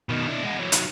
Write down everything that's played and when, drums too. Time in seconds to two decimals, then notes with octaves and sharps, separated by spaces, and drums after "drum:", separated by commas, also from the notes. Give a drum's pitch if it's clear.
0.09 B2 D#3
0.27 D4 E4
0.43 G#3 B3
0.59 E3 F#3
0.72 D#3 F#3, drum: hi-hat